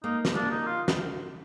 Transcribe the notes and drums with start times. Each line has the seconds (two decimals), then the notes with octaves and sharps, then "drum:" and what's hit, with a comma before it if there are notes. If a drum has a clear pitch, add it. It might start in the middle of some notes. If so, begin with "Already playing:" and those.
0.04 A#3 D#4
0.25 drum: snare
0.35 A#3 D4
0.51 D#4
0.67 F4
0.88 drum: snare